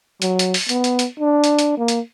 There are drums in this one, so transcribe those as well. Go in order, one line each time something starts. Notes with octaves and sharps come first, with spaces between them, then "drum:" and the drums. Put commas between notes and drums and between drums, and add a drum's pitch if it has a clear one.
F#3, drum: hi-hat
drum: hi-hat
drum: open hi-hat
B3, drum: hi-hat
drum: hi-hat
drum: hi-hat
D4
drum: hi-hat
drum: hi-hat
A#3
drum: hi-hat